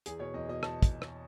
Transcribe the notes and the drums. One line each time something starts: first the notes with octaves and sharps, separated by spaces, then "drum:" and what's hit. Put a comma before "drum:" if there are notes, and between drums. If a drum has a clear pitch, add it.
E2 G#4, drum: hi-hat
B2 C#5
E2 D#5
B2 D#5
A5, drum: rim click
drum: kick, hi-hat
drum: rim click